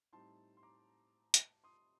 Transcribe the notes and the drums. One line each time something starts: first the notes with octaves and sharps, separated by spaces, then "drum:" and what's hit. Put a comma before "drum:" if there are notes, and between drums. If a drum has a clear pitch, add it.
A2 G3 C4 D#4 A5 C6
C6
A#5 D6
drum: hi-hat
C6 D#6